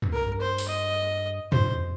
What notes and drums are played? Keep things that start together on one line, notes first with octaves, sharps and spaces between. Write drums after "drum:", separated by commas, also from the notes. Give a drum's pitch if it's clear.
drum: tom
A#4
G2
C5
drum: open hi-hat
D#5
F2 C5, drum: tom